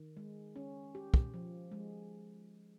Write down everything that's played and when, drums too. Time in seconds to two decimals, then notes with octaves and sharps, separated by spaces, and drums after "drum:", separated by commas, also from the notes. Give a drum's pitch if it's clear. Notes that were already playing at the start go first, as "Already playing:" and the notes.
Already playing: D#3
0.17 G#3
0.56 C#4
0.95 G4
1.14 drum: kick
1.34 F3
1.72 G#3